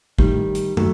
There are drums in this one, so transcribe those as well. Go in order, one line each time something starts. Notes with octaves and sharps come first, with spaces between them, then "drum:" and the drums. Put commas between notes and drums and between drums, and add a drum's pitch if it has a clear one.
A2 D#3 G3, drum: kick
drum: hi-hat
F#3 A3, drum: tom